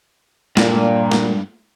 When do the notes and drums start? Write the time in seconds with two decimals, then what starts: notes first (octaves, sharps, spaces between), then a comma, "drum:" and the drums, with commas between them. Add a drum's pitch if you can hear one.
0.57 G2 A#2, drum: snare
1.11 drum: snare